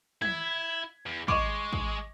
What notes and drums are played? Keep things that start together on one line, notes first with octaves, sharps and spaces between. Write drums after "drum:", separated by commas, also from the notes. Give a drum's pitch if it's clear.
E4 G#6 B6, drum: tom
E2
G#3 D#5 C#6 D6, drum: kick
drum: kick